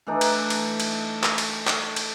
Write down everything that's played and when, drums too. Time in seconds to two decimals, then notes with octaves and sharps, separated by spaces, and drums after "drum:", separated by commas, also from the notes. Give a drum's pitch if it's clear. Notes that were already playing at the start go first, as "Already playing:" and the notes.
0.07 E3 A3 D4 D#4
0.21 drum: cymbal
0.50 drum: cymbal
0.80 drum: cymbal
1.23 drum: clap
1.38 drum: cymbal
1.67 drum: clap
1.96 drum: cymbal